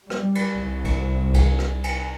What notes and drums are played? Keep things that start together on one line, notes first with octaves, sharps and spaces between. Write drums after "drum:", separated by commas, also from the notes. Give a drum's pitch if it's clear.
G3, drum: rim click
drum: cymbal
C2
drum: kick C2, cymbal
drum: kick C2, cymbal
drum: rim click
drum: cymbal